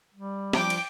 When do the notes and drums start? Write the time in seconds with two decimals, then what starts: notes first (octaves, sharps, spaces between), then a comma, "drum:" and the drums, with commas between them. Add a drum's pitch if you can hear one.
0.14 G3
0.53 F3 D4 G5 D6, drum: snare
0.70 drum: cymbal